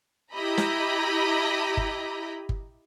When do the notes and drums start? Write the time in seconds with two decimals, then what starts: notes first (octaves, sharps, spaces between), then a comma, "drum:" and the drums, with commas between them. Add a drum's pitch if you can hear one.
0.34 E4 G4 D#5 A#5 B5
0.58 drum: snare
1.77 drum: kick G1
2.49 drum: kick G1